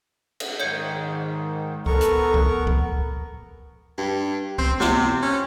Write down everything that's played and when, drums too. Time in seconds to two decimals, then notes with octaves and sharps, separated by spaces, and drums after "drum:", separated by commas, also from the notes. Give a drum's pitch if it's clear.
0.40 drum: cymbal
0.60 G#2 D#3 C#5 G6 C#7
1.86 B3 A4 A#4 C#6, drum: kick C#2
2.01 drum: hi-hat
2.34 drum: kick C#2
2.67 drum: kick C#2
3.98 G2
4.58 C4, drum: kick C#2
4.80 C3, drum: snare
5.22 C#4